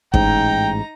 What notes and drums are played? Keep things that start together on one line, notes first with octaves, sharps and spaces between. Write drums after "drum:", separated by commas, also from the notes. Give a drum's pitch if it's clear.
A1 G#2 D#4 G5 A#5, drum: kick